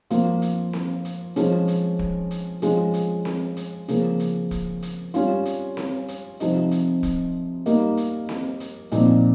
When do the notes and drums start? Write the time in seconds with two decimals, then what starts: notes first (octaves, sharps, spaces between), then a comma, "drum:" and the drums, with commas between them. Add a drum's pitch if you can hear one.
0.10 F3 A#3 F4, drum: hi-hat
0.42 drum: hi-hat
0.73 drum: snare C4
1.05 drum: hi-hat
1.36 F3 G#3 C#4, drum: hi-hat
1.68 drum: hi-hat
1.99 drum: kick
2.31 drum: hi-hat
2.62 F3 G#3 C#4 F4, drum: hi-hat
2.94 drum: hi-hat
3.25 drum: snare C4
3.57 drum: hi-hat
3.88 C#3 F3 A#3, drum: hi-hat
4.20 drum: hi-hat
4.51 drum: kick, hi-hat
4.83 drum: hi-hat
5.14 G3 C#4 F4, drum: hi-hat
5.45 drum: hi-hat
5.77 drum: snare C4
6.08 drum: hi-hat
6.40 C3 F3 C4 D#4, drum: hi-hat
6.71 drum: hi-hat
7.03 drum: kick, hi-hat
7.66 G3 A#3 D#4, drum: hi-hat
7.97 drum: hi-hat
8.29 drum: snare C4
8.60 drum: hi-hat
8.92 A#2 F3 C4 D#4, drum: hi-hat